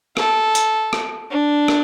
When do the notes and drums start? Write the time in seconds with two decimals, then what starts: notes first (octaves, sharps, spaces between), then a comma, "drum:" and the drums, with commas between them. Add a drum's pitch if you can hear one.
0.17 A4, drum: rim click
0.55 drum: hi-hat
0.93 drum: rim click
1.31 D4
1.68 drum: rim click